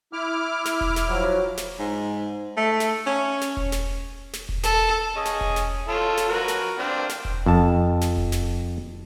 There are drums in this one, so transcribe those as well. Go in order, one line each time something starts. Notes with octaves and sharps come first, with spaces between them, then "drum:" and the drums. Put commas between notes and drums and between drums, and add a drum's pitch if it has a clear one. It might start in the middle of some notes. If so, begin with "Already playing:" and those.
E4 D6 F6
drum: snare
drum: kick E1
drum: snare
F3 F#3
drum: snare
G#2
A3
drum: snare
C#4
drum: snare
drum: kick E1
drum: snare
drum: snare
drum: kick E1
A4, drum: snare
C#4 G#4 D#5
drum: snare
drum: kick E1
drum: snare
F4 A4 C#5
drum: snare
F#4 A#4 B4
drum: snare
C4 D4 F5
drum: snare
drum: kick E1
F2 A5
drum: snare
drum: kick E1
drum: snare